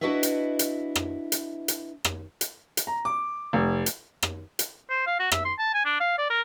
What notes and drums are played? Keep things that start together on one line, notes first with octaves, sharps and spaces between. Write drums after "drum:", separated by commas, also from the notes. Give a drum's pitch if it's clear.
D4 E4 F#4 B4 D#5 E5
drum: hi-hat
drum: hi-hat
drum: rim click
drum: hi-hat
drum: hi-hat
drum: rim click
drum: hi-hat
drum: hi-hat
A#5
D6
F1
drum: hi-hat
drum: rim click
drum: hi-hat
C5
F5
F#4
E5, drum: rim click
C6
A5
G#5
D4
F5
D5
A#4